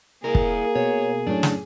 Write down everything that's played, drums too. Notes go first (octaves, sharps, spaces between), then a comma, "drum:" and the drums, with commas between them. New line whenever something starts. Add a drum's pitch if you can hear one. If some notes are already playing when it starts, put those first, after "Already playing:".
A#3 E4 G#4 A#4
drum: kick
B2 C#5
F#2 A2 C#4 D4
drum: snare